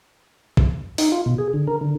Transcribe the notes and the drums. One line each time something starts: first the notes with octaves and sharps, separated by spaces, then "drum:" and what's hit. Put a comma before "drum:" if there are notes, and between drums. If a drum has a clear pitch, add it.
drum: kick
D#4, drum: open hi-hat
F4
B2
G#4
D3
A#4
D3